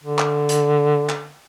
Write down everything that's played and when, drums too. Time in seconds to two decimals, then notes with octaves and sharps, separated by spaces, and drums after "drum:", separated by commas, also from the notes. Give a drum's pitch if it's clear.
0.04 D3
0.19 drum: clap
0.49 drum: hi-hat
1.09 drum: clap